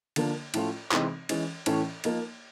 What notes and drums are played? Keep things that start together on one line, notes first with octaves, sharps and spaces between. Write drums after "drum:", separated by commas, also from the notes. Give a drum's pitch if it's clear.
D3 F3 A#3 D4, drum: cymbal
A2 F3 A3 C#4 F4, drum: cymbal
C3 E3 G#3 C4 D#4, drum: clap
E3 G#3 C#4, drum: cymbal
A2 E3 A3 C#4, drum: cymbal
F3 A#3 D#4, drum: cymbal